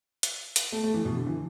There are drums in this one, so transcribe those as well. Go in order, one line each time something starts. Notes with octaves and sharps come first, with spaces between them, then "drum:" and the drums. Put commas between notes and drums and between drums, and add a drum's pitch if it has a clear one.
drum: hi-hat
drum: hi-hat
A3
A3
E3
B2
D3
E3